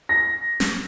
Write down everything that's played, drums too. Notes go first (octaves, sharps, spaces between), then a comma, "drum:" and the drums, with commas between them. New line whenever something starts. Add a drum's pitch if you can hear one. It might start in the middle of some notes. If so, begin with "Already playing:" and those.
A#6
drum: snare